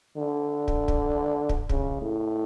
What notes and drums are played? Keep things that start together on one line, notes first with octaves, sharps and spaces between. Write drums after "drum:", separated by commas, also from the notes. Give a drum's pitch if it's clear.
D3
drum: kick
drum: kick
drum: kick
C#3, drum: kick
A2